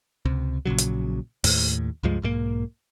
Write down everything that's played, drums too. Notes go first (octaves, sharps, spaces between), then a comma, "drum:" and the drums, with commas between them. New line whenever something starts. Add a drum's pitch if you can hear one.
C#2 C3
A#1 A#2 C#3 F#3
drum: hi-hat
D#2 A2, drum: open hi-hat
C#2 G2 F3 G#3
B1 G#2 F#3 A#3